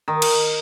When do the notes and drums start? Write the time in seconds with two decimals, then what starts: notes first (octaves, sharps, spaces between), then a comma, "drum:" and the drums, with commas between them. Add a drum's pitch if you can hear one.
0.08 D#3
0.22 drum: cymbal